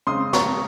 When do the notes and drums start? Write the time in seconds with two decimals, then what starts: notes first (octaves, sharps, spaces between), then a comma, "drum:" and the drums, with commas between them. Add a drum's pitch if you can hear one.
0.07 C#3 G#3 C4 C6 D#6
0.33 A#5 C#6, drum: snare